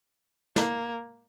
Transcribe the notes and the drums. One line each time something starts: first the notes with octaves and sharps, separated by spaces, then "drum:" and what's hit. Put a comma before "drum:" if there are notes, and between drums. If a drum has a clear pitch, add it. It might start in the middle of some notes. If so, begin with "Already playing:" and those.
A#3, drum: snare